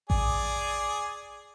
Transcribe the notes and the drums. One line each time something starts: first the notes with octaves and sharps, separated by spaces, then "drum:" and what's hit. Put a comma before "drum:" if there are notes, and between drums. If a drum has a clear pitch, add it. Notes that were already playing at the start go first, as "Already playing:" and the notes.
G#4 D5, drum: kick A1